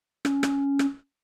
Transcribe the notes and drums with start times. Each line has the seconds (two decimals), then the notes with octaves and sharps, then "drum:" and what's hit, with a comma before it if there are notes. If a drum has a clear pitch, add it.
0.25 C#4, drum: rim click
0.43 drum: rim click
0.79 drum: rim click